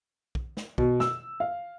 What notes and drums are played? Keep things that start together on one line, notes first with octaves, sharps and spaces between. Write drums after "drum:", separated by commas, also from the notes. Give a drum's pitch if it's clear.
drum: kick
drum: snare
B2, drum: kick
E6, drum: snare
F5